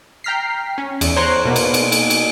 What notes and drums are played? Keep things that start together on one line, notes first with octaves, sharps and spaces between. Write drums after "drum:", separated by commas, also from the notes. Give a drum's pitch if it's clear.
G5 A#5 F6 B6 C7
C#4
E2, drum: cymbal
C5 C#5 A#5 C6 F#6
B2 A#3 B3
drum: cymbal
drum: cymbal
drum: cymbal
drum: cymbal